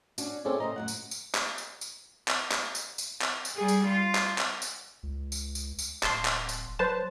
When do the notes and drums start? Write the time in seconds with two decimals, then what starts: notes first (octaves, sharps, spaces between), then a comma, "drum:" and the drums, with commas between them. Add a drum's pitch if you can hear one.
0.18 C#4 D4 F#4, drum: tambourine
0.45 C4 C#4 E4 G#4 A4 D5
0.60 C#3 C5 D#5 A#5
0.76 F#2 A2 F#5
0.88 drum: tambourine
1.11 drum: tambourine
1.35 drum: clap
1.58 drum: tambourine
1.81 drum: tambourine
2.28 drum: clap
2.51 drum: clap
2.75 drum: tambourine
2.98 drum: tambourine
3.22 drum: clap
3.45 drum: tambourine
3.56 G3 G#4
3.68 drum: tambourine
3.87 F4
4.15 drum: clap
4.38 drum: clap
4.62 drum: tambourine
5.03 C#2
5.32 drum: tambourine
5.55 drum: tambourine
5.79 drum: tambourine
6.03 D1 A5 C6, drum: clap
6.25 drum: clap
6.49 drum: tambourine
6.79 F#3 B4 C5 A5